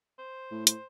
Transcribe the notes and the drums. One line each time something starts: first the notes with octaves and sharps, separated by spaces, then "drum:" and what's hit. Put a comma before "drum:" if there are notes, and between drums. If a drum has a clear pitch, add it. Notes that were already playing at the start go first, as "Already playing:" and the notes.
C5
A2
C5, drum: hi-hat